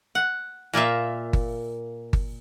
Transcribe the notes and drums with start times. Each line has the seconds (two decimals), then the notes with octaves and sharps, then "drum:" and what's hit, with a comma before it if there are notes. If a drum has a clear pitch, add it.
0.15 F#5
0.73 A#2 A#3 F4 E5
1.33 drum: kick G1
2.13 drum: kick G1